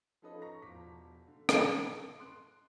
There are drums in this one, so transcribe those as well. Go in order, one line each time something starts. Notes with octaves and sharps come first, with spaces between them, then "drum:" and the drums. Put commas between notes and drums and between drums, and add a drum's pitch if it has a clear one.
F3 C#4 D#4 A4 B4 D#5
A#5 C#6 A#6
E1 F3 D6 B6
D3
A4 B4 A5, drum: rim click
C6 F#6 D7